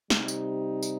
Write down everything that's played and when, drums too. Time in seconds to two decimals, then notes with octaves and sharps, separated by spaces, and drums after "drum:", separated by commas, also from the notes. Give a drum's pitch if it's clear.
0.10 C3 G3 C4 D#4 G4, drum: snare
0.28 drum: tambourine
0.83 drum: tambourine